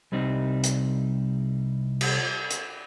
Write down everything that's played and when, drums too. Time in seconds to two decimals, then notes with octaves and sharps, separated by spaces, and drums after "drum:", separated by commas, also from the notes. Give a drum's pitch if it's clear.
0.12 C2 G3 C4 D#4
0.63 drum: hi-hat
2.01 drum: cymbal
2.50 drum: hi-hat